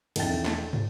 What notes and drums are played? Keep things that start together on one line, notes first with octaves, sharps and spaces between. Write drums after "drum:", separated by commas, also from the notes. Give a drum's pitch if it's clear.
E1 B1 F2 E4 G5 A6, drum: cymbal
drum: snare
drum: tom